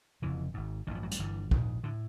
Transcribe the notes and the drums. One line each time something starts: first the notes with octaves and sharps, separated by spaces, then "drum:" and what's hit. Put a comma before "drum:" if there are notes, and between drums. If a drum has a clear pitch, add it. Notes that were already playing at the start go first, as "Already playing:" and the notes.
F1 F2 C#3 E3
G#1 G#2
A1 G2 D3 D#3
F3
F#3
G3, drum: hi-hat
G1 G2 D3 E3
A#1 G#2, drum: kick
A2 D3